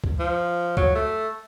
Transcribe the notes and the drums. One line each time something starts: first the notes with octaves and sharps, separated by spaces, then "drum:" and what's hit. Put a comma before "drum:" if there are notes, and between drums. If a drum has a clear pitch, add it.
drum: kick C#2
F3
F#3, drum: kick C#2
A3